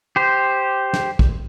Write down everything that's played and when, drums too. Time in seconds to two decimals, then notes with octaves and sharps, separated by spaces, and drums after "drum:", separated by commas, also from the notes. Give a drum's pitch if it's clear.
0.16 G4 C5
0.93 drum: snare
1.19 drum: kick